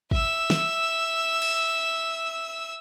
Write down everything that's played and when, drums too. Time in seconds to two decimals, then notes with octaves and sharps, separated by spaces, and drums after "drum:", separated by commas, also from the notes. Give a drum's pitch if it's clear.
0.11 E5 E6, drum: kick
0.50 drum: snare
1.42 drum: cymbal